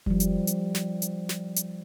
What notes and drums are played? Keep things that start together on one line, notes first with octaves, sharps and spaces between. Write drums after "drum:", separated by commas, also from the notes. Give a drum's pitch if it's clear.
F3 G3, drum: kick F1
drum: hi-hat
drum: hi-hat
drum: snare
drum: hi-hat
drum: snare
drum: hi-hat